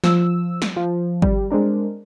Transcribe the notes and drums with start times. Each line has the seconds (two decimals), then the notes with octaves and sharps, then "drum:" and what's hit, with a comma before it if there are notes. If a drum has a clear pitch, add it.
0.04 F3 E6, drum: snare
0.62 drum: snare
0.76 F3
1.22 G3, drum: kick G1
1.51 G#3 C4 D4 A#4